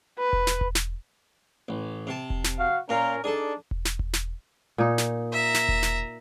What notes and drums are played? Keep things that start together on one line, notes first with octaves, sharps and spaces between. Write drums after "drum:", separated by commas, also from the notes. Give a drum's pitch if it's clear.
B4
drum: kick E1
drum: snare
drum: kick E1
drum: snare
A1
C3 A5
drum: kick E1
drum: snare
F#4 F5
A#2 C#4 F4 A#4
D4 D#4 G#4 A4 D5
drum: kick E1
drum: snare
drum: kick E1
drum: snare
A#2 D#4
drum: snare
E5 A#5
drum: snare
drum: kick E1
drum: snare